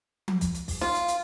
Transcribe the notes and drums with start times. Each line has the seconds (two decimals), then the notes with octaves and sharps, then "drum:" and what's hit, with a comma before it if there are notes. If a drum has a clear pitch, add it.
0.28 drum: tom F3
0.41 drum: kick, hi-hat
0.55 drum: hi-hat
0.68 drum: kick, open hi-hat
0.81 F4, drum: snare
0.95 drum: hi-hat
1.08 drum: hi-hat